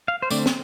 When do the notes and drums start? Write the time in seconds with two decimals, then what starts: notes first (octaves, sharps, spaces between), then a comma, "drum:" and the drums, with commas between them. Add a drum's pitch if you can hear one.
0.08 F5
0.22 C5
0.30 D3 A3 C4 D5, drum: tambourine
0.46 drum: snare